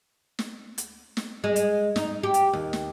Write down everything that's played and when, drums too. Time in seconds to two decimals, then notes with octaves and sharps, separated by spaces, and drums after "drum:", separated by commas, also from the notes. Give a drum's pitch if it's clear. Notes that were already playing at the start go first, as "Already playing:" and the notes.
0.39 drum: snare
0.78 drum: hi-hat
1.17 drum: snare
1.44 G#3
1.56 drum: hi-hat
1.96 D#4, drum: snare
2.23 G4
2.34 drum: hi-hat
2.53 D#2
2.73 drum: snare